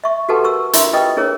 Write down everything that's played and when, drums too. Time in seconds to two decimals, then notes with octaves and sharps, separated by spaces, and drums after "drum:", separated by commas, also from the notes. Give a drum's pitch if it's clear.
0.04 E5 C#6
0.29 F#4 G4 A4 B4 F#5 A5
0.44 A#4 C#6 E6
0.73 D4 E4 F4 A#4 E5 C6, drum: hi-hat
0.93 F4 G4 B4 D#5 G5 D#6
1.17 D4 E4 G#4 A#4 C#5